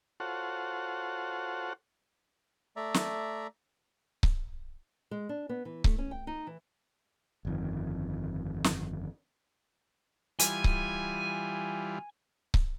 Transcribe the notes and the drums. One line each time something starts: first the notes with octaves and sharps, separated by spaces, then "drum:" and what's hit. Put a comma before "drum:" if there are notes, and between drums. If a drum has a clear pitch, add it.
F4 F#4 A4 C5 C#5 F#5
A3 D5 E5 A#5
drum: snare
drum: kick C#1
G#3
D4
B3
E3
A3, drum: kick C#1
C#4
G5
D#4
E3
G1 F2 D#3
drum: snare
E3 G3 F4 G#5, drum: hi-hat
drum: kick C#1
drum: kick C#1